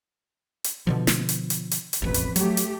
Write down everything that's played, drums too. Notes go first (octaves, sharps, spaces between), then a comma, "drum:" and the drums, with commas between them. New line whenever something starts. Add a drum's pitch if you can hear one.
drum: hi-hat
B2 D3 F3
drum: snare
drum: hi-hat
drum: hi-hat
drum: hi-hat
drum: hi-hat
E1 A1 F2 B4
drum: hi-hat
F#3 A3 G4, drum: hi-hat
drum: hi-hat